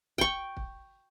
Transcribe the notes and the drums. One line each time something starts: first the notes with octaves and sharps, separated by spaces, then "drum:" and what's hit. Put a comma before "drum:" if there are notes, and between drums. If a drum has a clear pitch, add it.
G5 C#6, drum: kick
drum: kick